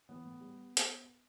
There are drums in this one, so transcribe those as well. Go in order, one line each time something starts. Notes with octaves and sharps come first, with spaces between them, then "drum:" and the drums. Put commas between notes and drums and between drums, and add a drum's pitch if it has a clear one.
E3 B3
A2
G3
drum: hi-hat